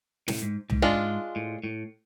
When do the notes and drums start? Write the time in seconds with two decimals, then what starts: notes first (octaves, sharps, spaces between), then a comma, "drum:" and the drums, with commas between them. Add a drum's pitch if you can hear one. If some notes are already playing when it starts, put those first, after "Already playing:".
0.28 A2, drum: snare
0.42 G#2
0.70 G#2, drum: tom C2
0.82 G#3 D4 F4
1.36 A2
1.64 A2